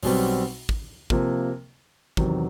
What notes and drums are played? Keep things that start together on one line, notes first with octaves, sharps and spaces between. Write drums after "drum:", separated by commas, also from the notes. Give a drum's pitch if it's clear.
B1 B2 G3 C4, drum: open hi-hat
drum: kick
C3 F3 A#3, drum: kick
E2 C3 D#3 F#3, drum: kick